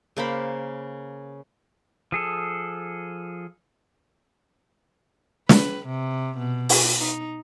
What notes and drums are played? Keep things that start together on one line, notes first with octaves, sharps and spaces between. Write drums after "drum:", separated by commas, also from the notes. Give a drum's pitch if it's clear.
C#3 A#3 C5 B5
F3 G#4 A4
B4, drum: snare
C3
B2
drum: open hi-hat
D#4